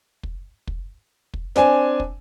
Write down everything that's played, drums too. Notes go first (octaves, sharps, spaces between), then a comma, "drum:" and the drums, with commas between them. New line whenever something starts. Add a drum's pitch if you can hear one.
drum: kick
drum: kick
drum: kick
C4 D4 G#5, drum: snare
drum: kick